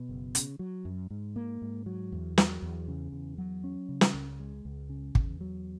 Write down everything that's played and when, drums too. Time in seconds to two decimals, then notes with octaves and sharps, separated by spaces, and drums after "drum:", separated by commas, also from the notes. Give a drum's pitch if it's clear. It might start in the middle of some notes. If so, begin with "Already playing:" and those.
Already playing: B2
0.09 F#1
0.35 C#3, drum: hi-hat
0.59 F#3
0.85 F#2
1.10 G#2
1.36 A#3
1.62 G#2
1.86 F#3
2.12 E2
2.38 F#3, drum: snare
2.62 E2
2.88 C#3
3.12 E2
3.38 F#3
3.64 C#4
3.89 C#3
4.01 drum: snare
4.14 C#2
4.40 G#3
4.65 C#2
4.90 C#3
5.15 E2, drum: kick
5.41 F#3